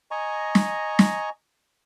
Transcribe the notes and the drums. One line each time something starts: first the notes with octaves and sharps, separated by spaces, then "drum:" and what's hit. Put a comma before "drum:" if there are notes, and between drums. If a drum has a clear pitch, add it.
D#5 G#5 A#5 C#6
drum: snare
drum: snare